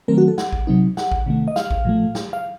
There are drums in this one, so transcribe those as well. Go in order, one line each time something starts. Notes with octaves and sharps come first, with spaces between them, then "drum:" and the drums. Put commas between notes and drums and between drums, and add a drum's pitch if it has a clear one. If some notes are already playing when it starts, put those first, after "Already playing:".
D#3 F#3 A3 C4 A#4
F#4
A4
F#5, drum: snare
drum: kick A1
C3 F#3 C4 D#4
F#5, drum: snare
drum: kick A1
C3 D#3 A3
D#5
F5, drum: snare
drum: kick A1
A2 F3 A3
drum: snare
F5